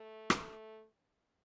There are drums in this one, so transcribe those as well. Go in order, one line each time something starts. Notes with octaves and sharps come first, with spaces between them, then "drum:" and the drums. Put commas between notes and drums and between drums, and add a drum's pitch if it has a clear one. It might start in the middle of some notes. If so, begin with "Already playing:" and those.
Already playing: A3
drum: rim click
A3